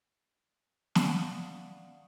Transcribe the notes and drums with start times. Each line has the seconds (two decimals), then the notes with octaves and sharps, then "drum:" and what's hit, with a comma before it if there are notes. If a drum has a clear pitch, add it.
0.95 D5 F5 F#5 C#6 D#6, drum: snare